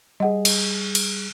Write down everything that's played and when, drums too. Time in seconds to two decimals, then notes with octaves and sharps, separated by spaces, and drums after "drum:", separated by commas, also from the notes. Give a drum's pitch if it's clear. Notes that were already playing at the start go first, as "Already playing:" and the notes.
0.20 G3 G#4 D#5 F#5
0.45 drum: cymbal
0.95 drum: cymbal